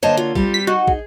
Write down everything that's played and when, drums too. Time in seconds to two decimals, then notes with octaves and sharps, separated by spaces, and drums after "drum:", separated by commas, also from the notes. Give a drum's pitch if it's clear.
0.03 D3 A#3 C5 C#5 D#5 A5
0.17 F4
0.35 G3 C4, drum: kick
0.54 B6
0.67 D#4 F#4
0.88 G#4, drum: kick